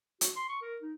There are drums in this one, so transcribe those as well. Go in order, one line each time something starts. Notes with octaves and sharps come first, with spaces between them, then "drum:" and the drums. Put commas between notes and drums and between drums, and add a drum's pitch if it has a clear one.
F#4, drum: hi-hat
C6
C#6
A#4
D#4